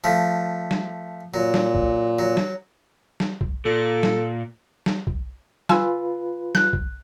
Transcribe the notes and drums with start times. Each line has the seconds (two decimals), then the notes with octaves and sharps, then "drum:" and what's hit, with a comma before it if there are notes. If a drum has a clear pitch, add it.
0.04 F3 A3
0.71 drum: snare
1.34 A#2 F#3
1.54 drum: snare
1.75 drum: kick B1
2.19 F#3
2.37 drum: snare
3.20 drum: snare
3.41 drum: kick B1
3.65 A#2 A4
4.03 drum: snare
4.86 drum: snare
5.07 drum: kick B1
5.69 F4 B4 G#5 E6, drum: snare
6.55 F#6, drum: snare
6.73 drum: kick B1